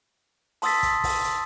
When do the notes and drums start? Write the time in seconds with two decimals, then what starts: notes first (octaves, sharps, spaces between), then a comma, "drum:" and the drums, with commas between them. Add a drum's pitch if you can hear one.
0.62 A5 C6 D#6 E6 A6 B6, drum: open hi-hat
0.83 drum: kick, hi-hat
1.04 drum: kick, open hi-hat
1.24 drum: hi-hat